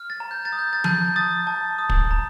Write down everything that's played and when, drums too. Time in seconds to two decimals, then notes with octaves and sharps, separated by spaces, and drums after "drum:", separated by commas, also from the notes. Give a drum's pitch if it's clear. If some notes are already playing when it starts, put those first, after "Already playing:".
Already playing: F6
0.10 A6
0.20 A#5
0.31 G6
0.45 A6
0.52 D#6
0.59 G6
0.73 A6
0.84 A5 G6, drum: tom F3
1.16 D#6 A6
1.47 A5
1.78 D#6
1.89 drum: kick
2.11 A#5